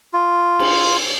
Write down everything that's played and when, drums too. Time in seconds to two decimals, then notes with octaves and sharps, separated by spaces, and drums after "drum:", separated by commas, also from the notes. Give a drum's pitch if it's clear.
0.13 F4
0.59 drum: cymbal